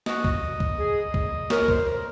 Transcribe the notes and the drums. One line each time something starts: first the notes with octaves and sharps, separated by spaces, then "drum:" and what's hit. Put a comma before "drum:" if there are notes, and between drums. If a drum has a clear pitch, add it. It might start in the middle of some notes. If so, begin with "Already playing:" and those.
F#4 D#5, drum: snare
drum: kick C2
drum: kick C2
G#4
drum: kick C2
A#4 C#5, drum: snare
C5, drum: kick C2
A#4